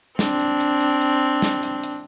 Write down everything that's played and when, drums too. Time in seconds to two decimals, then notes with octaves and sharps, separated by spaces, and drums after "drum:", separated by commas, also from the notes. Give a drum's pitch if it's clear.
0.19 C4 D4, drum: snare
0.40 drum: hi-hat
0.60 drum: hi-hat
0.81 drum: hi-hat
1.01 drum: hi-hat
1.42 drum: snare
1.63 drum: hi-hat
1.83 drum: hi-hat